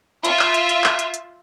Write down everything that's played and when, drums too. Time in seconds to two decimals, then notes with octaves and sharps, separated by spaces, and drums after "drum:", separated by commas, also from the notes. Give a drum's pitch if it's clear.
0.25 F4 E5, drum: hi-hat
0.39 drum: clap
0.54 drum: hi-hat
0.69 drum: hi-hat
0.84 drum: clap
0.99 drum: hi-hat
1.14 drum: hi-hat